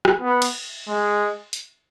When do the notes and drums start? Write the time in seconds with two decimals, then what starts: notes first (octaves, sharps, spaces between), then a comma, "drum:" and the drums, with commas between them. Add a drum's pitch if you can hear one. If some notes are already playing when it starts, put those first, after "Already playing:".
0.05 drum: rim click
0.21 B3
0.42 drum: cymbal
0.88 G#3
1.53 drum: hi-hat